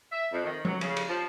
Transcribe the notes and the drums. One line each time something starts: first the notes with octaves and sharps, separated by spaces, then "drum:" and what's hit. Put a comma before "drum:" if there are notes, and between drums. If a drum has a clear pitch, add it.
E5
F2
D#3
F#3, drum: tom F3
C#3, drum: cymbal
drum: cymbal
F3